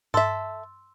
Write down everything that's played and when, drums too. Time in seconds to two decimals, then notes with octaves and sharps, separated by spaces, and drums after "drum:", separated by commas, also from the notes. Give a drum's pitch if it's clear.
0.14 A4 E5 C6 E6, drum: tom G2